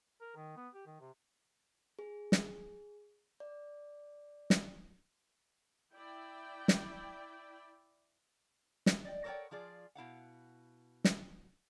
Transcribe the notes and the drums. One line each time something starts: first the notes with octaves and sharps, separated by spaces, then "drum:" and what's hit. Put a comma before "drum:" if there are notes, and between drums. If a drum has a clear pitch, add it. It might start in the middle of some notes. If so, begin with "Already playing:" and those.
A#4
D#3
B3
G4
D#3
C3
G#4
drum: snare
D5
drum: snare
E4 D5 G5
drum: snare
drum: snare
D5 D#5 G5
A4 A#4 C#5 D5 F#5 G5
F3 F4 G#4 D5
B2 E4 F5 F#5
drum: snare